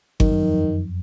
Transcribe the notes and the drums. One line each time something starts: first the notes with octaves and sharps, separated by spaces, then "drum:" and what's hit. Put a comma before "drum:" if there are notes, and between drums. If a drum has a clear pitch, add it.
F#2 D#3, drum: kick G1
F#2
F2
F2
F2